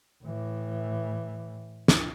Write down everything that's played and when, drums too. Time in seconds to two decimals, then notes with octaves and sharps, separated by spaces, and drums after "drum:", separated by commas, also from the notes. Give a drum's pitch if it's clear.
0.24 A2 E3
1.88 drum: snare